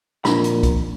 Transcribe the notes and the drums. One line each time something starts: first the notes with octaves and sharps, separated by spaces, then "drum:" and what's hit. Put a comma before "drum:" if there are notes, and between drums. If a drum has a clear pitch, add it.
F2 A#2 D4 A#5 B5, drum: snare
drum: hi-hat
drum: kick, hi-hat